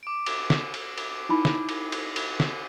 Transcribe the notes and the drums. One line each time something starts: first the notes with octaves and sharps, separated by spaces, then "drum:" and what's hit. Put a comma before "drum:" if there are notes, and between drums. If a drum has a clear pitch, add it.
D6 D7
drum: cymbal
drum: snare
drum: cymbal
drum: cymbal
D#4 E4 B5
drum: snare
drum: cymbal
drum: cymbal
drum: cymbal
drum: snare